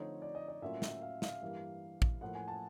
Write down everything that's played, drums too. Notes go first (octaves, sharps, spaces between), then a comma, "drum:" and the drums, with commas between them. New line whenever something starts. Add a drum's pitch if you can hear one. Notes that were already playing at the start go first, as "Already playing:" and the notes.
Already playing: D3 F3 A3 C4 D#4 C#5
D5
D#5
D#5
A2 F#3 A#3 C#4 F4 E5
drum: snare
F5
F5, drum: snare
G2 E3 G3 A#3
drum: kick
A2 F3 A#3 F#5
G#5
A5